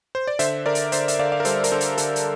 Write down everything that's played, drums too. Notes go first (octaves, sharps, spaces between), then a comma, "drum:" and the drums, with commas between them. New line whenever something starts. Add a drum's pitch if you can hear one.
C5
D5
D3 C5 E5, drum: hi-hat
D3 A#4 D5
drum: hi-hat
D3 C5 E5, drum: hi-hat
E5, drum: hi-hat
D3 D5 F5
D5 F5
A#4
G3 A4 C5, drum: hi-hat
A#4, drum: hi-hat
D3 A4 C5
drum: hi-hat
D3 A4, drum: hi-hat
drum: hi-hat